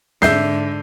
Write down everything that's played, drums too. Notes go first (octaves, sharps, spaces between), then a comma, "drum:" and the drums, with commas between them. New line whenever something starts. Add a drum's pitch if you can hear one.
G#2 D3 E5 G6 C7, drum: snare